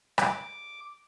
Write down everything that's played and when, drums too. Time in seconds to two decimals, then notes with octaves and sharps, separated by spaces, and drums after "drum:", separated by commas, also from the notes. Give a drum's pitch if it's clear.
0.18 D6, drum: rim click